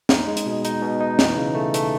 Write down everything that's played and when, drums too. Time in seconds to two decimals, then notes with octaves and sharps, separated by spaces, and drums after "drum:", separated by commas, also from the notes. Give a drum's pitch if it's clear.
0.09 D#4, drum: snare
0.27 G#3
0.37 drum: hi-hat
0.46 B2
0.65 D#4, drum: hi-hat
0.82 B2
1.00 D#4
1.19 E3, drum: snare
1.37 C#3
1.55 A3
1.74 A3, drum: hi-hat